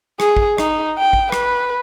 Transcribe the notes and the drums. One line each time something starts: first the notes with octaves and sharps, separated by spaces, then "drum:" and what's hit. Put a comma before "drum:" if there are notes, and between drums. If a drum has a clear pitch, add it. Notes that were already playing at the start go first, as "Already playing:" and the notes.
G#4, drum: rim click
drum: kick
D#4, drum: rim click
G5
drum: kick
B4, drum: rim click